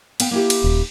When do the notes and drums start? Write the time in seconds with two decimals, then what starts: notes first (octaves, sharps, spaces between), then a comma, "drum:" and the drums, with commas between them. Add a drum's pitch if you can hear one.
0.20 B3 F5 G5, drum: cymbal
0.31 A#3 E4 G4
0.50 drum: cymbal
0.64 D#1